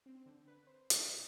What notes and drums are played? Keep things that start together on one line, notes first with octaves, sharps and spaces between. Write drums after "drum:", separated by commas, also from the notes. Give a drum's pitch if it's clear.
C4
D3
B4
C5
B2, drum: hi-hat
A6